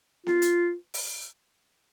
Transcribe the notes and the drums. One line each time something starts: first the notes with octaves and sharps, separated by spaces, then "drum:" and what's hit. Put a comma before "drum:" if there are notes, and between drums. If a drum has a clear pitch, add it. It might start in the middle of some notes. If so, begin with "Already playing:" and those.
F4, drum: snare B3
drum: hi-hat
drum: open hi-hat